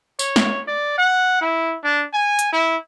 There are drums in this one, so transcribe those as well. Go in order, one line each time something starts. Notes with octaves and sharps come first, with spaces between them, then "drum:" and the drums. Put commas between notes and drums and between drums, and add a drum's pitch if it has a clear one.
C#5, drum: tambourine
drum: snare
D5
F#5
E4
D4
G#5
drum: hi-hat
E4